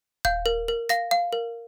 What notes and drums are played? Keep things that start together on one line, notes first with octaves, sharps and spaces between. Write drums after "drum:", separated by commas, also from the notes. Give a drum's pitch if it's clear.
F5 G6, drum: kick D#1
A#4
A#4
F5 A#6, drum: snare
F5
A#4